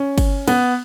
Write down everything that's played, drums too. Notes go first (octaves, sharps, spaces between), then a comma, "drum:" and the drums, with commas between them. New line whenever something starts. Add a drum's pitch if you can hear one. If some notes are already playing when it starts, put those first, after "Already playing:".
Already playing: C#4
drum: kick G1, cymbal
B3, drum: cymbal